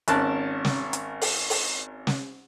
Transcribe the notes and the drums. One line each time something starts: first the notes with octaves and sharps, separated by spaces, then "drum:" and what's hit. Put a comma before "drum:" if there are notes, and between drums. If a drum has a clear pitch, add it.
G#1 C#4 A#4 A5 F#6, drum: hi-hat
drum: snare
drum: hi-hat
drum: open hi-hat
drum: open hi-hat
drum: snare